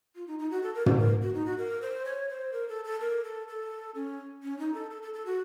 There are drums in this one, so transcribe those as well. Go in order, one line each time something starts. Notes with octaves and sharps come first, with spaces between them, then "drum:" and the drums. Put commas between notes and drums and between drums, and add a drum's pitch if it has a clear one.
F4
D#4
D#4
F#4
A4
A#4
C5, drum: tom
A#4
F#4
D#4
F#4
A#4
C5
C#5
C5
A#4
A4
A4
A#4
A4
A4
C#4
C#4
D#4
A4
A4
A4
A4
F#4